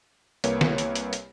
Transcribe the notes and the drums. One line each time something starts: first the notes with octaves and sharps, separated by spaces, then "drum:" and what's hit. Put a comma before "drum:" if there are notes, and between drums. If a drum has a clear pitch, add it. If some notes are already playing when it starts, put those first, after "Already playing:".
C2 A#3 B4 C#5, drum: hi-hat
drum: snare
drum: hi-hat
drum: hi-hat
drum: hi-hat